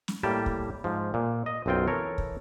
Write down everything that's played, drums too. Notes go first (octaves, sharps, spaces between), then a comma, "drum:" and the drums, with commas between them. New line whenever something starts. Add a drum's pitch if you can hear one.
drum: snare
A2 G3 A#3 G4 A5
drum: kick
G#2 F3
A#2
D#5
B1 F#2 C4 F4 G5
E3 A4 A#4 C#5
drum: kick